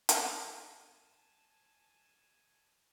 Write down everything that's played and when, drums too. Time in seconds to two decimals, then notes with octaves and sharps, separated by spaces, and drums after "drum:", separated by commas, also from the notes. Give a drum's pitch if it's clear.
0.09 drum: hi-hat
0.80 G#5 A5